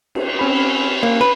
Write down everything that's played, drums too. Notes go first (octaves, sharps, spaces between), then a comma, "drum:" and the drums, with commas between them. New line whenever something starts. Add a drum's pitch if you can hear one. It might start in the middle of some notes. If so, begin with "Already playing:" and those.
drum: cymbal
C4 C#4 B5
A#3
B4